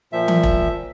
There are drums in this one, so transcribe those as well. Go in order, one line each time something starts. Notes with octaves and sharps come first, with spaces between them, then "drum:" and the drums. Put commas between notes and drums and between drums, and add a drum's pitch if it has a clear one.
A#2 F3 E5
drum: tom E3
drum: kick E1